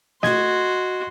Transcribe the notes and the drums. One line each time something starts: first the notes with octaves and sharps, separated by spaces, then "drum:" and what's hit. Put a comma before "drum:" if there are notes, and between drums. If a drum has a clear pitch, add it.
F#4 D#5 C6 G#6, drum: snare